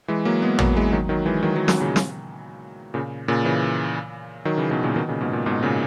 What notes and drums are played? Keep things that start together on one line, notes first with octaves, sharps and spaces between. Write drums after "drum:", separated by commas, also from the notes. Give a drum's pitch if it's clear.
E3 G#3
F#3 A#3
G#3 B3
F#3 A#3, drum: tom
E3 G#3
D#3 F#3
D#3 F#3
E3 G#3
D#3 F#3
D#3 F#3
D#3 F#3, drum: snare
A#2 C#3
drum: snare
A#2 C#3
A#2 C#3
C#3 E3
D#3 F#3
C#3 E3
B2 D#3
A#2 C#3
B2 D#3
A#2 C#3
G#2 B2
A#2
G#2 B2
A#2 C#3